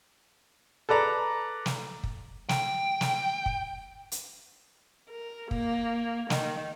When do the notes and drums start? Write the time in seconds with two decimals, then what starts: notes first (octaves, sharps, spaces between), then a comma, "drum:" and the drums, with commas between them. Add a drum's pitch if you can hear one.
0.89 A4 B4 D5 A#5
1.66 drum: snare
2.04 drum: kick
2.49 G5, drum: snare
3.01 drum: snare
3.46 drum: kick
4.12 drum: hi-hat
5.10 A#4
5.51 A#3, drum: kick
6.30 D#3, drum: snare